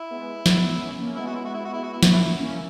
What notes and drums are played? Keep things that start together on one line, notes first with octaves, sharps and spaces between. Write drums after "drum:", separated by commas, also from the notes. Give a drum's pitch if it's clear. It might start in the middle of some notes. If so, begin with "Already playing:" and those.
Already playing: E4
G#3 B3
G#3 B3, drum: snare
C#4
A#3 C#4
G#3 B3 E4
F#4
E4
F#4
E4
F#4
E4
F#4
E4
A#3 C#4 F#4, drum: snare
E4
A#3 C#4